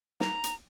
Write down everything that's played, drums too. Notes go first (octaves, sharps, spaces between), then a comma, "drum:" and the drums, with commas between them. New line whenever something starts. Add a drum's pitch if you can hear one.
A#5, drum: snare
drum: hi-hat